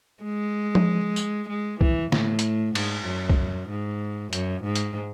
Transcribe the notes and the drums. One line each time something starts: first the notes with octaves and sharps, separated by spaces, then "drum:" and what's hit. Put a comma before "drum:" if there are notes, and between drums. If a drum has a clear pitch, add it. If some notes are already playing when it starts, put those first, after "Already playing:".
G#3
drum: tom F3
drum: tambourine
G#3
E3, drum: kick
A2, drum: snare
drum: hi-hat
G#2, drum: cymbal
F#2
drum: kick
G#2
F#2, drum: hi-hat
G#2
drum: hi-hat